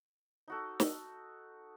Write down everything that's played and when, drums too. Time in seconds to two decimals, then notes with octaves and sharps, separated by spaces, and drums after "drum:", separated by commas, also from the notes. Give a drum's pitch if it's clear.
0.48 D#4 F#4 A4
0.80 drum: snare